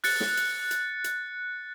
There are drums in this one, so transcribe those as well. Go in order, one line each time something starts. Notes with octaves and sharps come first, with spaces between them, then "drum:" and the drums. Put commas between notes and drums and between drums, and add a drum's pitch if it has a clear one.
F#6 A6 C#7, drum: open hi-hat
drum: snare
drum: hi-hat
drum: hi-hat
drum: hi-hat